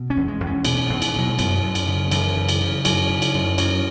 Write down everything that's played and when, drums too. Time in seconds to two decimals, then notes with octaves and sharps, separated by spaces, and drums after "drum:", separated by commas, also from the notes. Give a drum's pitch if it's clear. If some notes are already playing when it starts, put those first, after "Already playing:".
Already playing: B2
0.10 C#4
0.17 E2
0.28 G#3
0.40 E2
0.46 C#4
0.65 B2 B3, drum: cymbal
0.76 C#4
0.87 E2 B3
1.02 drum: cymbal
1.15 B2 F#3
1.29 G#3
1.39 F#2 B3, drum: cymbal
1.62 F#2
1.75 drum: cymbal
1.88 C#3
2.11 F#2 E3, drum: cymbal
2.36 C#3
2.49 drum: cymbal
2.61 C#3
2.85 F#2 F#3, drum: cymbal
3.10 C#3
3.22 drum: cymbal
3.34 F#2
3.58 F#2 F#3, drum: cymbal